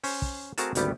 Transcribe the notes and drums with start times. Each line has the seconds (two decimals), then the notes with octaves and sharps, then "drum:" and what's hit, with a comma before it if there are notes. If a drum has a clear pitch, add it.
0.03 C#4 C5, drum: open hi-hat
0.22 drum: kick
0.58 A3 C4 F#4 G#4 A#4 A5, drum: hi-hat
0.75 G#1 D2 G3 B3 G4 D5, drum: hi-hat